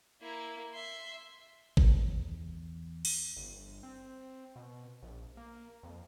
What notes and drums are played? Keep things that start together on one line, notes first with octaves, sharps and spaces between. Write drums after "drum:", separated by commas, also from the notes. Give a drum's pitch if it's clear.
A#3 E4
E5 C6
E2, drum: kick G#1
drum: open hi-hat
G1
C4
B2
A#1
A#3
F2